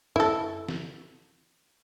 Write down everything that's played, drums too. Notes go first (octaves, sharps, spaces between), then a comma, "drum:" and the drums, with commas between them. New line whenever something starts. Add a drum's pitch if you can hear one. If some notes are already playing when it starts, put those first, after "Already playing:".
E4 A4, drum: tom F#2
drum: snare